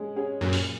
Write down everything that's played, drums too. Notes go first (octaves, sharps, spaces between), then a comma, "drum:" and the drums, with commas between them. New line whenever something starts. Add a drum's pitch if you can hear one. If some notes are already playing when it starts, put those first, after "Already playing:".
Already playing: G#3 C#4
C#4 G#4
F#2 A#2
drum: open hi-hat